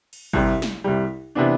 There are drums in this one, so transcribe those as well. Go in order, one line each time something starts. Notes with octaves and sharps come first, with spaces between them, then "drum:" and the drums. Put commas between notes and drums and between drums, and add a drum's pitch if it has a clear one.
drum: cymbal
C2 C3 G3, drum: kick G#1
drum: snare
C2 C3 G3
C3 E3 B3 D4